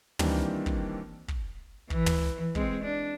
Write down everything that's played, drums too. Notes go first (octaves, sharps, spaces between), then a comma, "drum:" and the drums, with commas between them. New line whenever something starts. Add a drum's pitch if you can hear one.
D#3 E3 G3 A#3 C4 D4, drum: tom
drum: kick
drum: kick
E3, drum: kick
drum: tom
G#3 C4, drum: kick
D4